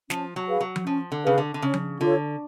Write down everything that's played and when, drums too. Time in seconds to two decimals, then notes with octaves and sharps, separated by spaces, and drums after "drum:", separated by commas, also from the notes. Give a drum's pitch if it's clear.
0.10 F3 C#4, drum: snare
0.36 F#3
0.48 G#4 B4 F5
0.60 F#3
0.76 drum: tom F3
0.86 F3 C#4
1.12 D3
1.24 C#3 G#4 B4 F5
1.38 D3
1.54 D3
1.62 C#3 C#4
1.74 drum: tom F3
2.00 D3 F4 A4 C#5